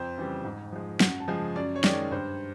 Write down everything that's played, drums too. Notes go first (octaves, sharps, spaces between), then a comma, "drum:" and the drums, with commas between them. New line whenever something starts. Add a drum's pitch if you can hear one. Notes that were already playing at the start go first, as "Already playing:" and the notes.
Already playing: F2 C5
C#3 E3 G3
G#2
F3 G#3
F#2 F#5, drum: snare
A5
C#3 F3 G#3 G#5
F#2 D5
C#5
D#3 G#3 D5, drum: snare
G2 C5